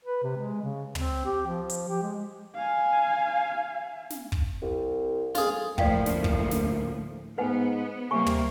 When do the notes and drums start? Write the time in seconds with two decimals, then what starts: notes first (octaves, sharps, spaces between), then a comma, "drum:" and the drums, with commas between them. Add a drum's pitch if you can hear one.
0.04 B4
0.23 C3
0.36 G#3
0.62 C#3
0.95 C4, drum: tom
1.25 G4
1.47 F3
1.70 drum: hi-hat
1.89 G4
2.02 G#3
2.55 F5 G#5
4.10 drum: snare
4.32 drum: kick
4.62 C2
5.35 F2 F4 G#4, drum: snare
5.78 D2 A2 F3 A#3 D5 F5 G5, drum: kick
6.06 drum: snare
6.24 drum: kick
6.51 drum: snare
7.38 G#2 B3 B4 F#5 G#5
8.11 C3 G3 A#3 G#5 C#6
8.26 drum: tom